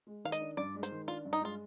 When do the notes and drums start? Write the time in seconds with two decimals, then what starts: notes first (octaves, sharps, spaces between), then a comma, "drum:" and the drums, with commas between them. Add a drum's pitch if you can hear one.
0.07 G#3
0.25 D#3 F5
0.32 D#5, drum: hi-hat
0.40 D4
0.57 G2 D5
0.75 G#3
0.83 C5, drum: hi-hat
0.92 D#3
1.08 D4 F4
1.25 G2
1.33 D#4
1.42 G#3 F4